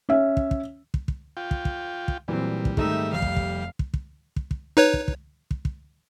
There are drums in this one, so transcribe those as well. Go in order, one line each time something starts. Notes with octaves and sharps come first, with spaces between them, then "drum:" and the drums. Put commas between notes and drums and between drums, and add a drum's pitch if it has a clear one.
C#4 E5
drum: kick
drum: kick
drum: kick
drum: kick
F4 G5
drum: kick
drum: kick
drum: kick
A#2 E3 F#3 G3 C4
drum: kick
G#2 D#3 A3 D#4 E5, drum: kick
F1 F5
drum: kick
drum: kick
drum: kick
drum: kick
drum: kick
drum: kick
D#4 B4 C#5
drum: kick
drum: kick
drum: kick
drum: kick